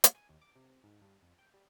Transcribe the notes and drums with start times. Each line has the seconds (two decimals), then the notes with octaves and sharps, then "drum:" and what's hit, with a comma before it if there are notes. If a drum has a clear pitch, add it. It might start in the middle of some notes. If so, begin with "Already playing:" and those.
0.04 drum: hi-hat
0.15 G#5
0.29 D#2
0.41 D6
0.56 C3
0.84 G#2
1.02 G2
1.22 F2
1.39 G5
1.54 G3